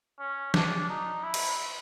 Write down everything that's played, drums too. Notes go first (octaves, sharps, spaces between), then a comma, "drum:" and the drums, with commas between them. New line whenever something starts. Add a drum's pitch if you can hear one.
C#4
D4, drum: snare
D#4
E4
drum: cymbal